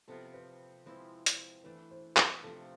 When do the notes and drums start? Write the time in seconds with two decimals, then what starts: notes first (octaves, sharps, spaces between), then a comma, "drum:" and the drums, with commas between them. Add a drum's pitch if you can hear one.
0.08 C3 F3 B3 F4 A4
0.34 B4
0.86 F3 G#3 C4 E4 B4
1.26 drum: hi-hat
1.64 E3 A3 D4 B4
1.91 C5
2.17 B4, drum: clap
2.43 C3 F3 A3 D4 A4